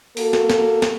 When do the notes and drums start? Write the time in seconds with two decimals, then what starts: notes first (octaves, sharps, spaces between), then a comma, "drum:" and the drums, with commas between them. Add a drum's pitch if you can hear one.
0.17 A#3 F#4 A4, drum: open hi-hat
0.33 drum: snare
0.50 drum: snare
0.82 drum: snare